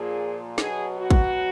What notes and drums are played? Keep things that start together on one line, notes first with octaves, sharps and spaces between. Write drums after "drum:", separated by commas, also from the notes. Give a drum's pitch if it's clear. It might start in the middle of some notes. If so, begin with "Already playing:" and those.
Already playing: A#2 F3 G#4
B2 F#3 G#4, drum: snare
F#4
drum: kick